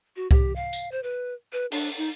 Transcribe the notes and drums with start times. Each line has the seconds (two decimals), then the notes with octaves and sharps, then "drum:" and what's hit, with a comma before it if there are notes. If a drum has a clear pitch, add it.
0.16 F#4
0.31 G4, drum: kick C2
0.56 F5
0.73 drum: tambourine
0.92 C5
1.03 B4
1.53 B4
1.72 D4, drum: open hi-hat
1.98 D#4